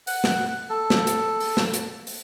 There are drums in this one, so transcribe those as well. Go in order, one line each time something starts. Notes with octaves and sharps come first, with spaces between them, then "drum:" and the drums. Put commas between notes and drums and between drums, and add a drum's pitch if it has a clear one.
F#5, drum: open hi-hat
drum: snare
A4
drum: snare
drum: hi-hat
drum: open hi-hat
drum: snare
drum: hi-hat
drum: open hi-hat